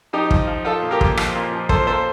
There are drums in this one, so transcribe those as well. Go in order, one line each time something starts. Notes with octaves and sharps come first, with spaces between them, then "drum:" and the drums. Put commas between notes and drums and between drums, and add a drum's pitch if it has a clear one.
F3 D#4 G4
F3, drum: kick
F3
F3 F4 A4
A#2
G4 A#4
A#2, drum: kick
F3, drum: rim click
A#2
F3
F3 A4 C5, drum: kick
A#2 A4 C5